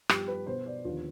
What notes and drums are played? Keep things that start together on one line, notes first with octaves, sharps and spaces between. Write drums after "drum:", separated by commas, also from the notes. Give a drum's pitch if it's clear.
G2 F3 B3 G4, drum: rim click
B4
B2 B3 C5
D5
D#2 D3 F3 B3 F4